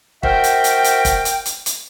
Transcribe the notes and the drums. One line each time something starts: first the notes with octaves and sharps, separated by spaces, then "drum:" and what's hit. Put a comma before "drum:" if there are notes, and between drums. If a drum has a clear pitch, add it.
F#4 A#4 C5 E5 G5, drum: kick
drum: hi-hat
drum: hi-hat
drum: hi-hat
drum: kick, hi-hat
drum: hi-hat
drum: hi-hat
drum: hi-hat